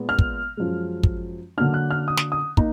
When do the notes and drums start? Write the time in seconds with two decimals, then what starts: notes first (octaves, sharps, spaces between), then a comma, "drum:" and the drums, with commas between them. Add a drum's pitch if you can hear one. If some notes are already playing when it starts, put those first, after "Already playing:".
Already playing: A#2 G#3 B3
0.09 F6
0.19 drum: kick
0.57 F#2 F3 G#3
1.03 drum: kick
1.57 D3 F#3 A#3 D4 F6
1.74 F#6
1.91 F6
2.08 D#6
2.17 drum: snare
2.32 D#6
2.57 A#3 D#4, drum: kick